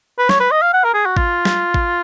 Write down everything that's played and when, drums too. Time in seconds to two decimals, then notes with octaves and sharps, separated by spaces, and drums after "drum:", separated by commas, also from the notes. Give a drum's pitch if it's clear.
0.18 B4
0.29 C#5, drum: snare
0.40 B4
0.51 D#5
0.62 F5
0.73 F#5
0.84 A#4
0.94 G#4
1.06 F#4
1.17 F4, drum: kick A1
1.45 drum: snare
1.74 drum: kick A1